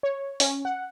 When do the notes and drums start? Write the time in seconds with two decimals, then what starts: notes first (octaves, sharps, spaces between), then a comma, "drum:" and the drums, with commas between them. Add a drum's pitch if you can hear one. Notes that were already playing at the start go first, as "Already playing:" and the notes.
0.03 C#5
0.40 C#4, drum: open hi-hat
0.65 F#5